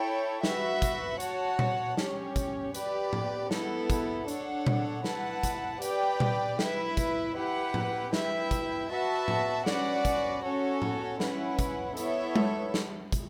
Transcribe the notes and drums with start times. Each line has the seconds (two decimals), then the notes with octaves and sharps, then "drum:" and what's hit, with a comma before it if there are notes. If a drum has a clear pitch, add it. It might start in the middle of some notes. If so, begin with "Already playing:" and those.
Already playing: E4 A4 C#5 G5
0.43 F#4 B4 E5, drum: snare
0.82 drum: kick, hi-hat
1.20 F#4 C#5 F#5 A5, drum: hi-hat
1.59 drum: tom A#2
1.97 C#4 G4 C#5, drum: snare
2.36 drum: kick, hi-hat
2.74 G4 B4 D5, drum: hi-hat
3.13 drum: tom A2
3.51 B3 E4 A4, drum: snare
3.90 drum: kick, hi-hat
4.28 D4 A4 C#5 F#5, drum: hi-hat
4.67 drum: tom A#2
5.04 E4 B4 F#5 A5, drum: snare
5.43 drum: kick, hi-hat
5.82 G4 B4 D5 G5, drum: hi-hat
6.20 drum: tom A#2
6.59 E4 B4 E5, drum: snare
6.97 drum: kick, hi-hat
7.36 E4 G4 B4 F#5
7.74 drum: tom A2
8.13 E4 B4 E5 G5, drum: snare
8.51 drum: kick, hi-hat
8.90 F#4 B4 E5 A5
9.28 drum: tom A2
9.66 C#4 F#4 B4 D5 F#5, drum: snare
10.05 drum: kick, hi-hat
10.43 C#4 F#4 A4 C#5
10.82 drum: tom A2
11.20 C#4 E4 B4 F#5, drum: snare
11.59 drum: kick, hi-hat
11.97 B3 E4 A4 C#5 E5, drum: hi-hat
12.36 drum: tom G#3
12.74 drum: snare
13.12 drum: kick, hi-hat